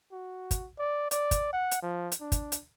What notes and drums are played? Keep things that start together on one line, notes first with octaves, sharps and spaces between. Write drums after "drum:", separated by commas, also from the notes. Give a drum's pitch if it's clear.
F#4
drum: kick, hi-hat
D5
D5, drum: hi-hat
drum: kick, hi-hat
F#5
drum: hi-hat
F3
drum: hi-hat
D4
drum: kick, hi-hat
drum: hi-hat